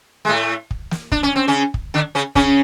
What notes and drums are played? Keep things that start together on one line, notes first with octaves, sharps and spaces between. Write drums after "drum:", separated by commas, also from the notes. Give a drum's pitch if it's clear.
G#3
A2 A3
drum: kick
drum: snare
D4, drum: kick
C#4
C4
C#3 C#4
drum: kick
D3 D4
C#3 C#4
C#3 C#4, drum: kick